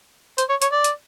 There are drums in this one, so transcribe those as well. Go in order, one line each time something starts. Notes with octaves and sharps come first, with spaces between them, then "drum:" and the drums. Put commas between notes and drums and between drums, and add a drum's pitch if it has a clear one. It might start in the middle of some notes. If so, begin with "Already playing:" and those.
C5, drum: hi-hat
C#5
C#5, drum: hi-hat
D5
drum: hi-hat